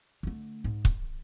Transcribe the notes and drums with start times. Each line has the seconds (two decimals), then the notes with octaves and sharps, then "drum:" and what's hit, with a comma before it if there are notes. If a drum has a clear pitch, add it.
0.23 D3 A3
0.64 G#2
0.85 D3, drum: kick